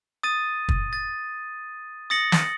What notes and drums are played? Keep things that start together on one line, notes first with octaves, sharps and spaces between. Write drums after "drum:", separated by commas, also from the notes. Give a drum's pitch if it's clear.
D#6 A6 D#7
drum: kick
A6
D#6 A6 A#6 C#7 F#7
drum: snare